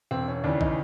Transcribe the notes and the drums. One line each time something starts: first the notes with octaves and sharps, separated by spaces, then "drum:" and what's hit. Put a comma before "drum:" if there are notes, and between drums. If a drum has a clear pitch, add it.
E1 C4
C#4
D#2 C#3 E3 D4
D#4, drum: kick A#1